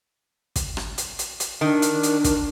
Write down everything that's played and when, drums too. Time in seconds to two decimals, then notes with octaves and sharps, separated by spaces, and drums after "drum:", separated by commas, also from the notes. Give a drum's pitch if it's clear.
0.56 drum: kick, hi-hat
0.77 drum: rim click
0.98 drum: hi-hat
1.19 drum: hi-hat
1.40 drum: hi-hat
1.61 D#3 D4
1.82 drum: hi-hat
2.03 drum: hi-hat
2.24 drum: kick, hi-hat